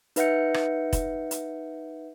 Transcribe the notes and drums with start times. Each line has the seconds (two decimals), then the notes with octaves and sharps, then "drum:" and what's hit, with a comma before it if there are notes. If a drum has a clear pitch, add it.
0.16 D#4 B4 E5 F#5 G6 C#7, drum: hi-hat
0.54 drum: rim click
0.93 drum: kick, hi-hat
1.31 drum: hi-hat